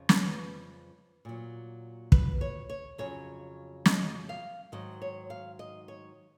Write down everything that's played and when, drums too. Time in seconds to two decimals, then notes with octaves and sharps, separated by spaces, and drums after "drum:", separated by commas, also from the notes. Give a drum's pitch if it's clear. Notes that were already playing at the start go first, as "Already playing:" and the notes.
Already playing: F2 C#3 F3
0.09 B4, drum: snare
1.25 A#2 F#3
2.12 B4, drum: kick
2.41 C#5
2.70 C#5
2.98 F2 C#3 F#3 C#5
3.85 D#5, drum: snare
4.29 F5
4.72 G#2 D#3 F#3 D#5
5.02 C#5
5.30 F5
5.59 D#5
5.88 C#5